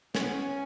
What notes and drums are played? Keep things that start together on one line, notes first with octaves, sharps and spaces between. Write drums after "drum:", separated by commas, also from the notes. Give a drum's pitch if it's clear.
C#4, drum: snare
B3
C#4